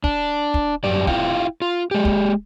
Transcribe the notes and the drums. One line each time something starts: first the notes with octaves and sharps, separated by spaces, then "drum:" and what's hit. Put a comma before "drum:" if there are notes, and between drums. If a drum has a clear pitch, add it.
D4, drum: kick
drum: kick
F#2 G4 D5
E4 F4 F5 G5, drum: kick
F4
G#3 G4
drum: kick